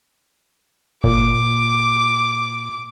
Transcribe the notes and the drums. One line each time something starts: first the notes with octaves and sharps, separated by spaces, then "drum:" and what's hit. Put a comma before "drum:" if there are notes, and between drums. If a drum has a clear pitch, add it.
A#2 D6, drum: kick G1